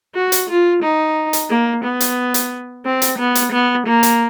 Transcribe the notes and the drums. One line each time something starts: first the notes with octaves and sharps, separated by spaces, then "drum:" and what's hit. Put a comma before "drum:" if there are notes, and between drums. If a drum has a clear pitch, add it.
F#4
drum: hi-hat
F4
D#4
drum: hi-hat
A#3
B3
drum: hi-hat
drum: hi-hat
C4
drum: hi-hat
B3
drum: hi-hat
B3
A#3
drum: hi-hat